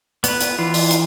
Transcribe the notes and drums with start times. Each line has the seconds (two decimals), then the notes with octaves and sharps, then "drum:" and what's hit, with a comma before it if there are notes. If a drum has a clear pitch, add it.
0.24 B3 B4, drum: hi-hat
0.41 drum: hi-hat
0.59 E3 F4
0.74 drum: open hi-hat
0.91 drum: hi-hat